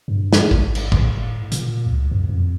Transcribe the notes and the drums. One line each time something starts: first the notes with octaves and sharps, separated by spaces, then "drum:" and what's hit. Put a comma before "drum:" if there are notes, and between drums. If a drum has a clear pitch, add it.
G2
drum: snare
G#1, drum: kick
drum: cymbal
A2, drum: kick
A#2, drum: hi-hat
C#2
F#2
F2